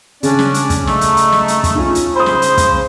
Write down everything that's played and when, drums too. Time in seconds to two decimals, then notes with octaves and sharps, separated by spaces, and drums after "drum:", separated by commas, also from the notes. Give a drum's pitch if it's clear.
0.23 C#3 C#4 D4 D5, drum: hi-hat
0.39 drum: snare
0.54 drum: hi-hat
0.70 drum: kick, hi-hat
0.87 A3 D#4, drum: snare
1.01 drum: hi-hat
1.17 drum: hi-hat
1.32 drum: snare
1.48 drum: hi-hat
1.64 drum: kick, hi-hat
1.75 C#4 D#4 F4
1.95 drum: hi-hat
2.16 C#3 C5 B5 D#6
2.26 drum: snare
2.42 drum: hi-hat
2.57 drum: kick, hi-hat